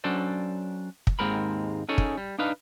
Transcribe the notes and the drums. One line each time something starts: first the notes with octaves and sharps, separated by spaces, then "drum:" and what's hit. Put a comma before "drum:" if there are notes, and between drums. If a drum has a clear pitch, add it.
F#3 C#4 D4 A4 C5 D5
drum: kick
D#2 G#2 G#3 C4 A#4 B5
C#4 D#4 G#4 A4 C#5
drum: kick
G3
D4 D#4 B4 F5